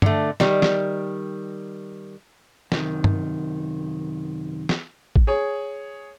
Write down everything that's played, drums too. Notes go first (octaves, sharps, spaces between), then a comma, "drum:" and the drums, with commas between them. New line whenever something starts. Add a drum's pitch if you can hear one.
D3 A3, drum: tom G2
D#3 G3, drum: snare
drum: snare
F#2 C3 D#3, drum: snare
drum: tom G2
drum: snare
drum: kick A1
G#4 C#5